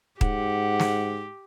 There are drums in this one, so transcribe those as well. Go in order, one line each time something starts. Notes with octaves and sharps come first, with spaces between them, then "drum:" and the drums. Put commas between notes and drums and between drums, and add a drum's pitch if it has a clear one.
G#2 G4 F#5, drum: kick D#1
drum: snare